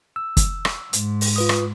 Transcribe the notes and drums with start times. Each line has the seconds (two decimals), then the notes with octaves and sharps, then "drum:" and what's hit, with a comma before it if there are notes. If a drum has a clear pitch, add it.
0.16 E6
0.37 drum: kick, hi-hat
0.65 drum: rim click
0.93 G#2, drum: hi-hat
1.21 drum: open hi-hat
1.36 F4 B4 D#6
1.49 drum: rim click